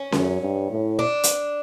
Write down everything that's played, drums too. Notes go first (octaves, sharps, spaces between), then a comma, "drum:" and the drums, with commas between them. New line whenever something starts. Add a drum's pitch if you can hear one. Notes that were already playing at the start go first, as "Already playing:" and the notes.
Already playing: C#4
F#2, drum: snare C#4
G2
A2
D4
drum: hi-hat